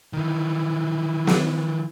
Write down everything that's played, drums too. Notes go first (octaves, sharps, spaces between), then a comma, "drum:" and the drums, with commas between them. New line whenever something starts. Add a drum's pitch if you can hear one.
D#3 E3
drum: snare